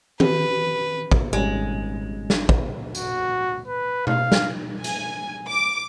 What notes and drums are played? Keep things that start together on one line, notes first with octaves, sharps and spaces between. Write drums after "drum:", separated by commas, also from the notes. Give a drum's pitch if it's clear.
B4, drum: tom
drum: kick
G#1 G3 G#3 C#4
drum: snare
drum: kick
F#4, drum: tambourine
B4
F5, drum: tom B2
drum: snare
G#5, drum: hi-hat
D6